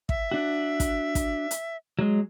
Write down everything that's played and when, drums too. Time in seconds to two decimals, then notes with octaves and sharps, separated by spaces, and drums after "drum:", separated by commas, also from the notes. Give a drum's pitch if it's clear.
0.09 E5, drum: kick
0.31 D4 F#4
0.80 drum: kick, hi-hat
1.15 drum: kick, hi-hat
1.51 drum: hi-hat
1.99 F#3 G#3